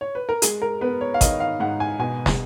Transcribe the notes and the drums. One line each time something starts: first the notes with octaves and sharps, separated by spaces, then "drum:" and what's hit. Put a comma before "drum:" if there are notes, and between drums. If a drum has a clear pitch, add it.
C#5
B4
A#4
G#3 G#4, drum: hi-hat
A#4
B3 B4
C#5
F5
D#3 D#5, drum: kick G#1, hi-hat
F5
G#2 F#5
G#5
B2 G#5
drum: snare